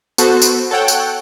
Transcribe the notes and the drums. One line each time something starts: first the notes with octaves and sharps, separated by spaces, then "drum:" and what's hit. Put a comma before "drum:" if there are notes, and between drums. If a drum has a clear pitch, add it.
B3 F#4 A4 C5, drum: tambourine
drum: tambourine
A4 C#5 F#5 G5
drum: tambourine